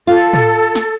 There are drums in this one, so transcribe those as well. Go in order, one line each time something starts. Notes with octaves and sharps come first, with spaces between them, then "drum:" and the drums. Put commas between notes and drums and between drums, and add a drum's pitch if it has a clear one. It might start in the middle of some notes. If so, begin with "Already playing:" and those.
F4 A4
drum: tom
drum: snare